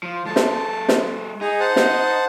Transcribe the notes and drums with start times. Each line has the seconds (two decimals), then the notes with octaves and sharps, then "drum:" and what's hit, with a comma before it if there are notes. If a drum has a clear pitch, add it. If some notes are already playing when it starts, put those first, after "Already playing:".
0.03 F3
0.26 G#3 A4 A5
0.36 drum: snare
0.88 drum: snare
1.41 D#4 G#4
1.60 C5 F#5 A5
1.76 drum: snare